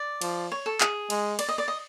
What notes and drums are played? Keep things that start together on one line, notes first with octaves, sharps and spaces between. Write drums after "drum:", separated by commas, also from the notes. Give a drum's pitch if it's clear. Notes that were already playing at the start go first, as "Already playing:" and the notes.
Already playing: D5
F3, drum: cymbal
C#5
A4
G#4, drum: clap
G#3, drum: cymbal
D5, drum: cymbal
D#5
D5
D#5